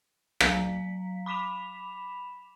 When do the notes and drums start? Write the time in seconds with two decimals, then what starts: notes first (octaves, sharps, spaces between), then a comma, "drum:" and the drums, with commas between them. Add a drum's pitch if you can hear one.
0.40 F#3 F5 A#5 B6, drum: rim click
1.26 B5 D6 B6 E7 F7